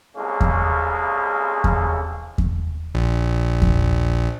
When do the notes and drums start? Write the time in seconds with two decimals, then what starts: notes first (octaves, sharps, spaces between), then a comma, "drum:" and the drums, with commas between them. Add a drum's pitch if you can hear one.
0.16 C2 C#3 G#3 A#3 C#4 A4
0.41 drum: kick E2
1.64 drum: kick E2
2.38 drum: kick E2
2.95 A#1
3.62 drum: kick E2